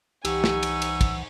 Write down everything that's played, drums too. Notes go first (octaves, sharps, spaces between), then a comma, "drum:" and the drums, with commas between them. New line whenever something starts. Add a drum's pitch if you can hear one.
C2 E3 D#4 G4 F#5 G#5 C#6 E6, drum: cymbal
drum: snare
drum: cymbal
drum: cymbal
drum: kick, cymbal